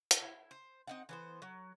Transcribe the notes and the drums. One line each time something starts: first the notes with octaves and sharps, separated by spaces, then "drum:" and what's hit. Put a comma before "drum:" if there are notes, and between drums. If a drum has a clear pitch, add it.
drum: hi-hat
E4
C5
C4 D#4 F#5
E3 B3 C5
F#3